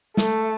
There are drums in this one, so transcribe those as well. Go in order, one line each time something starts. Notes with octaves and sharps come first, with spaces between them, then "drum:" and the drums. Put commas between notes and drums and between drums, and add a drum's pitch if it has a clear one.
A3, drum: snare